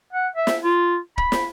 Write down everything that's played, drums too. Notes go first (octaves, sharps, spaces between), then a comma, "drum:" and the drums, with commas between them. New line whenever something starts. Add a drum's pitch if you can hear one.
F#5
E5
drum: snare
F4
B5, drum: kick
drum: snare